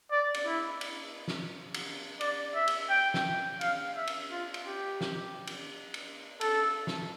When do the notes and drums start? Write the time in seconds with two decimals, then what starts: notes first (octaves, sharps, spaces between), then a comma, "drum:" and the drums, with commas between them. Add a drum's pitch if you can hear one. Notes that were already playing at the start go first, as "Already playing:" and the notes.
0.11 D5
0.34 drum: cymbal
0.46 E4
0.81 drum: cymbal
1.28 drum: snare
1.74 drum: cymbal
2.21 D5, drum: cymbal
2.55 E5
2.68 drum: cymbal
2.90 G5
3.14 drum: snare
3.61 F5, drum: cymbal
3.96 E5
4.07 drum: cymbal
4.31 F4
4.54 drum: cymbal
4.66 G4
5.01 drum: snare
5.47 drum: cymbal
5.94 drum: cymbal
6.41 A4, drum: cymbal
6.87 drum: snare